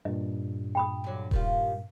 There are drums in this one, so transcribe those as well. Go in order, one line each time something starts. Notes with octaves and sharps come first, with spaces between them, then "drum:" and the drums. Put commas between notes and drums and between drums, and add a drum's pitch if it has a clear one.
G2 A#2 D#5
G5 B5 D#6
D3 F#3
D#3 G3 F4, drum: kick D#1